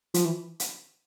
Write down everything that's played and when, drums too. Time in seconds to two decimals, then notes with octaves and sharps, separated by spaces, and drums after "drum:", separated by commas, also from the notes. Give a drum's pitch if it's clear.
0.14 F3, drum: hi-hat
0.26 E3
0.60 drum: hi-hat